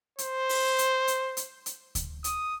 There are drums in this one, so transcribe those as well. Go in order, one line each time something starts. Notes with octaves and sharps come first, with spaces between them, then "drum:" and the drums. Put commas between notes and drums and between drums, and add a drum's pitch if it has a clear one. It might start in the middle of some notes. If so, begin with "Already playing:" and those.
C5, drum: hi-hat
drum: open hi-hat
drum: hi-hat
drum: hi-hat
drum: hi-hat
drum: hi-hat
drum: kick D2, hi-hat
D#6, drum: hi-hat